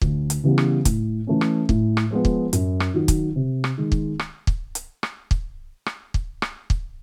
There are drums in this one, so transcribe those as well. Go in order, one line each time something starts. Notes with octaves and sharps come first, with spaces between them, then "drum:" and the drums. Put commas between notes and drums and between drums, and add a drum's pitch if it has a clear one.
D2, drum: kick
drum: hi-hat
C#3 E3 G3 B3
drum: rim click
A2, drum: kick, hi-hat
E3 A3 C#4
drum: rim click
A2, drum: kick
drum: rim click
F3 G#3 B3
drum: kick
F#2, drum: hi-hat
drum: rim click
D#3 F#3
drum: kick, hi-hat
C3
drum: rim click
D#3 G#3
drum: kick
drum: rim click
drum: kick
drum: hi-hat
drum: rim click
drum: kick
drum: rim click
drum: kick
drum: rim click
drum: kick